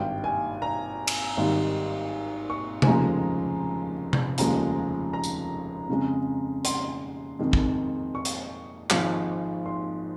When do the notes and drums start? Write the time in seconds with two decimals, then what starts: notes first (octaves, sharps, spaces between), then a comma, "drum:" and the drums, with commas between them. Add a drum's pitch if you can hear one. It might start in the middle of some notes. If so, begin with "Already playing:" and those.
Already playing: G#1 G2 G3 G5
0.24 G#5
0.62 A#5
1.08 drum: cymbal
1.37 G#1 G#2 D#3 G3
2.50 C#6
2.82 G#5, drum: tom C3
2.87 F1 D#2 C#3 F3 G#3 A#5
4.13 drum: tom C3
4.38 F1 D#2 C#3 F3 G#3 A#5, drum: hi-hat
5.13 A#5
5.24 drum: tambourine
5.89 F2 C#3 G#3
6.65 C6, drum: hi-hat
7.39 F2 D#3 G#3
7.53 drum: kick
8.15 C#6
8.25 drum: hi-hat
8.90 G#1 G#2 F3 G#3, drum: clap
9.66 C6